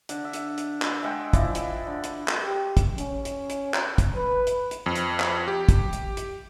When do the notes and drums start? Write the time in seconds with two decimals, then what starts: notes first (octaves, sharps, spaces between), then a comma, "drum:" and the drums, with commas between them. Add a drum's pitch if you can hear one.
0.09 D3, drum: hi-hat
0.24 E5
0.33 drum: hi-hat
0.58 drum: hi-hat
0.82 drum: clap
1.02 G#3 E5 F#5 G5
1.33 F3 E4 D5, drum: kick, hi-hat
1.55 drum: hi-hat
1.87 D3
2.04 drum: hi-hat
2.28 drum: clap
2.43 G4
2.77 drum: kick, hi-hat
2.98 C#4, drum: hi-hat
3.25 drum: hi-hat
3.50 drum: hi-hat
3.74 drum: clap
3.98 drum: kick, hi-hat
4.16 B4
4.47 drum: hi-hat
4.71 drum: hi-hat
4.86 F2
4.96 drum: hi-hat
5.20 drum: clap
5.48 G4
5.69 drum: kick, hi-hat
5.93 drum: hi-hat
6.17 drum: hi-hat